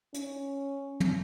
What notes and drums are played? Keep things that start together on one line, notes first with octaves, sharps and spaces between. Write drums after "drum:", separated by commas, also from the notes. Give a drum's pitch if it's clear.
C#4, drum: hi-hat
drum: tom